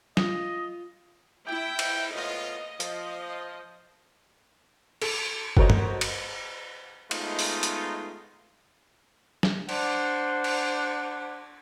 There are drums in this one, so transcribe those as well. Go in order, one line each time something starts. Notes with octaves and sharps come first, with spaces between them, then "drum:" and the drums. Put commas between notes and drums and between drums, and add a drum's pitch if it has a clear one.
F4 D#5, drum: snare
E4 G5
drum: cymbal
A2 B3 F4 D#5
F3, drum: hi-hat
A4, drum: cymbal
F#4 A4 A#4 C5 C#5 D#5, drum: kick F#1
drum: tom G2
drum: cymbal
G#3 A3 B3 D#4 F4, drum: cymbal
drum: open hi-hat
drum: hi-hat
drum: snare
D4 C5 F#5, drum: cymbal
drum: cymbal